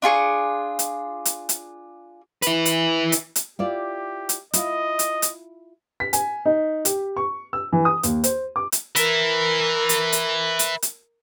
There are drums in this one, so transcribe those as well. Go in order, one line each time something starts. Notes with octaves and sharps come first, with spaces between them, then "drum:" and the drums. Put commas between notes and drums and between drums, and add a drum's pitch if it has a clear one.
D4 F4 G#4 C#6
drum: hi-hat
drum: hi-hat
drum: hi-hat
E4 B4, drum: hi-hat
drum: hi-hat
drum: hi-hat
drum: hi-hat
E4 F4 G4 D5
drum: hi-hat
E4 F4 D#5, drum: hi-hat
drum: hi-hat
drum: hi-hat
B6
G#5, drum: hi-hat
D#4
G4, drum: hi-hat
C#6
E6
E3
D#6
D#2, drum: hi-hat
C5, drum: hi-hat
D6
drum: hi-hat
A#4 B4 E5, drum: hi-hat
drum: hi-hat
drum: hi-hat
drum: hi-hat
drum: hi-hat